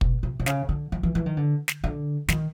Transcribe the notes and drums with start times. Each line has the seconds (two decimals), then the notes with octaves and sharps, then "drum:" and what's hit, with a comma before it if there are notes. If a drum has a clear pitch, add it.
0.01 B2, drum: kick
0.23 C3
0.40 C3
0.46 C#3, drum: snare
0.69 D3
0.92 D#3
1.03 E3
1.15 E3
1.26 D#3
1.37 D3
1.68 drum: snare
1.84 D3
2.28 D#3, drum: snare